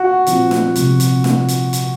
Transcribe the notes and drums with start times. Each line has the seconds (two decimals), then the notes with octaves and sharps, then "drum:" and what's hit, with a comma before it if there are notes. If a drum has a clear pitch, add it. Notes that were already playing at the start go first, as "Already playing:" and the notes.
Already playing: F#4
0.27 A#2 F3 G#3 C4 F4, drum: hi-hat
0.51 drum: snare
0.76 C3 F3 G#3 B3, drum: hi-hat
1.00 drum: hi-hat
1.24 drum: snare
1.48 drum: hi-hat
1.73 drum: hi-hat